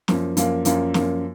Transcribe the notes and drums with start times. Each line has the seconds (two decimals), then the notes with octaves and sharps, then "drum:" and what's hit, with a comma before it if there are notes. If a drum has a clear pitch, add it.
0.08 F#2 F3 A#3, drum: snare
0.37 F#2 F3 A#3, drum: hi-hat
0.65 F#2 F3 A#3, drum: hi-hat
0.94 F#2 F3 A#3, drum: snare